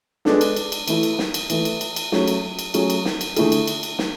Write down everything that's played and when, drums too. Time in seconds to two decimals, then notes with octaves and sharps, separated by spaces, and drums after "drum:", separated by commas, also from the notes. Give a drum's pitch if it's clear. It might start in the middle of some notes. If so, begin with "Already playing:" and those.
0.25 G#3 B3 D4 A4, drum: snare
0.41 drum: cymbal
0.56 drum: cymbal
0.72 drum: cymbal
0.88 E3 A3 E4, drum: cymbal
1.03 drum: cymbal
1.19 drum: snare
1.34 drum: cymbal
1.50 E3 A3 E4, drum: cymbal
1.65 drum: cymbal
1.81 drum: cymbal
1.96 drum: cymbal
2.12 F#3 A3 C#4 G#4, drum: snare
2.28 drum: cymbal
2.59 drum: cymbal
2.74 F#3 A3 C#4 G#4, drum: cymbal
2.90 drum: cymbal
3.05 drum: snare
3.21 drum: cymbal
3.36 D3 A3 E4 G#4, drum: cymbal
3.52 drum: cymbal
3.67 drum: cymbal
3.83 drum: cymbal
3.99 drum: snare